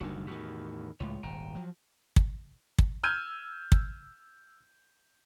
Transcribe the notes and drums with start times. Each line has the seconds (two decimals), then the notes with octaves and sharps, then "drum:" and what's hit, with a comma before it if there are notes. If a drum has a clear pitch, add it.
0.01 F#1 D2 D#3 G3 D4 F#4
0.27 E2 A2 D#3 F#4 G4
1.00 C#2 A2 G#3 F4 C#5
1.23 D#1 G#1 G5 A#5
1.55 F3 F#3
2.16 drum: kick
2.79 drum: kick
3.03 E6 F6 G6 G#6 D#7
3.72 drum: kick